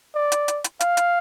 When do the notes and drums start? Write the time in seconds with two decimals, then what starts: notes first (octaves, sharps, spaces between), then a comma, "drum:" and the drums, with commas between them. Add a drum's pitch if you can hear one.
0.15 D5
0.32 drum: hi-hat
0.48 drum: hi-hat
0.64 drum: hi-hat
0.80 F5, drum: hi-hat
0.97 drum: hi-hat